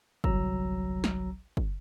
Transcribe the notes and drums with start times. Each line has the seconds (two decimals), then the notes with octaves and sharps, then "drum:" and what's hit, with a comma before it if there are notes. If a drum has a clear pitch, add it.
0.24 G1 C2 F#3 A#5 E6, drum: kick
1.04 drum: snare
1.57 drum: kick